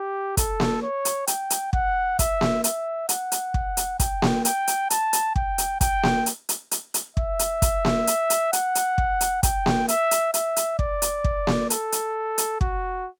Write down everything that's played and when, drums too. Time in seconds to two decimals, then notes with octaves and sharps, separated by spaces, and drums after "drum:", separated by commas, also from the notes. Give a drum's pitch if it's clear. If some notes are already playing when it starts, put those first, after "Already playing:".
Already playing: G4
0.37 A4, drum: kick, hi-hat
0.60 drum: snare A#3
0.82 C#5
1.05 drum: hi-hat
1.27 G5, drum: hi-hat
1.50 drum: hi-hat
1.73 F#5, drum: kick
2.19 E5, drum: kick, hi-hat
2.41 drum: snare A#3
2.64 E5, drum: hi-hat
3.09 F#5, drum: hi-hat
3.32 drum: hi-hat
3.54 drum: kick
3.77 drum: hi-hat
4.00 G5, drum: kick, hi-hat
4.22 drum: snare A#3
4.45 G5, drum: hi-hat
4.67 drum: hi-hat
4.90 A5, drum: hi-hat
5.13 drum: hi-hat
5.36 G5, drum: kick
5.58 drum: hi-hat
5.81 G5, drum: kick, hi-hat
6.03 drum: snare A#3
6.26 drum: hi-hat
6.49 drum: hi-hat
6.71 drum: hi-hat
6.94 drum: hi-hat
7.17 E5, drum: kick
7.39 drum: hi-hat
7.62 drum: kick, hi-hat
7.85 drum: snare A#3
8.07 drum: hi-hat
8.30 drum: hi-hat
8.53 F#5, drum: hi-hat
8.75 drum: hi-hat
8.98 drum: kick
9.21 drum: hi-hat
9.43 G5, drum: kick, hi-hat
9.66 drum: snare A#3
9.88 E5, drum: hi-hat
10.11 drum: hi-hat
10.34 E5, drum: hi-hat
10.56 drum: hi-hat
10.79 D5, drum: kick
11.02 drum: hi-hat
11.24 drum: kick
11.47 drum: snare A#3
11.70 A4, drum: hi-hat
11.92 drum: hi-hat
12.38 drum: hi-hat
12.61 F#4, drum: kick